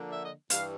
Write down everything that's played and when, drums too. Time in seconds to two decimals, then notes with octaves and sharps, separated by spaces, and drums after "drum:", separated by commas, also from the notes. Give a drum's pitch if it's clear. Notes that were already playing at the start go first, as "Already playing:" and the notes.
Already playing: D3 F3 A#3 D4
0.09 E5
0.21 D#5
0.50 G2 E3 G3 F5, drum: hi-hat